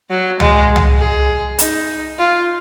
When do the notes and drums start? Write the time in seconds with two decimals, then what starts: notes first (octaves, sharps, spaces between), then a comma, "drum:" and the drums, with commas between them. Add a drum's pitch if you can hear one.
0.10 F#3
0.40 G#3, drum: tom C#2
0.76 drum: tom C#2
0.99 G#4
1.59 D#4, drum: hi-hat
2.19 F4